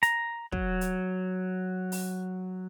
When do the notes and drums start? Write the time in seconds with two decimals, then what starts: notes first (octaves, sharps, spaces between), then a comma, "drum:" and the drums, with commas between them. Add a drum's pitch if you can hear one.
0.03 A#5, drum: hi-hat
0.52 F#3, drum: kick
0.81 drum: hi-hat
1.92 drum: open hi-hat